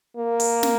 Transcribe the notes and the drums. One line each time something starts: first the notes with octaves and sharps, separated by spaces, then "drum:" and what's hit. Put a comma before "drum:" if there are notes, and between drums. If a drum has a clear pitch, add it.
A#3
drum: open hi-hat
drum: snare